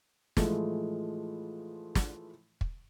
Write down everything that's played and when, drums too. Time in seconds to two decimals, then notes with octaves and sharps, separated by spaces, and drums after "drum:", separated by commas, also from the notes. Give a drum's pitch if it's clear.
0.37 A2 E3 F3 G#3 A3 F4, drum: snare
1.95 drum: snare
2.61 drum: kick